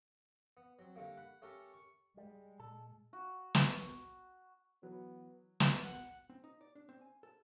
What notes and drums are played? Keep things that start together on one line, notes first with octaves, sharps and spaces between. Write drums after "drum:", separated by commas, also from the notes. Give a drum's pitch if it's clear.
B3
F#3 C4
D3 G3 A3 A#3
F#5 B5
A3 C#4 G4 A4 A#4
C#6
G3 G#3
A#2 A4
F#4
drum: snare
E3 F#3 B3
drum: snare
F#5
C4
D#4
D5
D4
C4
G#5
A4